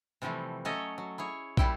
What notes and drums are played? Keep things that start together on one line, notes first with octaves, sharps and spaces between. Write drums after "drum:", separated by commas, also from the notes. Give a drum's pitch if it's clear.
C3 E3 F3 G3 A3
F#3 A3 C#4 A4 C#5 D#5
F#3
E4 G#4 C#5
A#2 G3 E4 G5, drum: kick